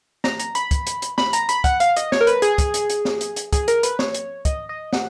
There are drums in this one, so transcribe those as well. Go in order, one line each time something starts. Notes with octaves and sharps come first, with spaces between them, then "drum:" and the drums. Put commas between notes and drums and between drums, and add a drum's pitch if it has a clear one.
A#5, drum: snare
A#5, drum: hi-hat
B5, drum: hi-hat
drum: kick, hi-hat
drum: hi-hat
drum: hi-hat
B5, drum: snare
A#5, drum: hi-hat
B5, drum: hi-hat
F#5, drum: kick, hi-hat
F5, drum: hi-hat
D#5, drum: hi-hat
C#5, drum: snare
A#4
B4, drum: hi-hat
G#4, drum: hi-hat
drum: kick, hi-hat
drum: hi-hat
drum: hi-hat
drum: snare
drum: hi-hat
drum: hi-hat
G#4, drum: kick, hi-hat
G#4
A#4, drum: hi-hat
B4, drum: hi-hat
C#5, drum: snare
drum: hi-hat
D#5, drum: kick, hi-hat
D#5
F#5, drum: snare